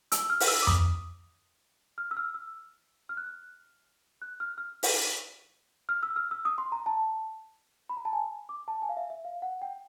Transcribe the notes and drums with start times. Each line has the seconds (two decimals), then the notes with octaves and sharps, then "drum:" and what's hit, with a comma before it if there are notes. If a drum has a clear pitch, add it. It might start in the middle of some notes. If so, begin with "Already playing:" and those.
0.12 E6, drum: hi-hat
0.30 F6
0.40 F6, drum: open hi-hat
0.48 E6
0.62 D6
0.67 D#6, drum: tom F2
1.98 F6
2.11 E6
2.17 F6
2.34 E6
3.09 F6
3.17 F#6
3.26 F6
4.22 F#6
4.40 F6
4.58 F6
4.83 drum: open hi-hat
5.89 F6
6.03 E6
6.16 F6
6.31 E6
6.45 D#6
6.58 C6
6.72 A#5
6.86 A5
7.89 B5
7.97 A#5
8.05 A5
8.13 G#5
8.49 D6
8.68 A5
8.82 G#5
8.89 F5
8.97 E5
9.10 E5
9.25 F5
9.42 F#5
9.62 G5